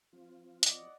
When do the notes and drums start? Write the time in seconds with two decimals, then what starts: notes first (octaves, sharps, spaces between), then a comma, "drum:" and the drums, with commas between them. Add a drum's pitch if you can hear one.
0.13 F3 C4 F4
0.63 D5 D#5 F#5, drum: hi-hat